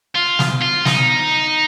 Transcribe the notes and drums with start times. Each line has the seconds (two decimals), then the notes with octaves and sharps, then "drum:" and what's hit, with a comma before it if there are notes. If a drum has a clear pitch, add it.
0.15 F4
0.39 drum: snare
0.61 F4
0.85 D#4, drum: snare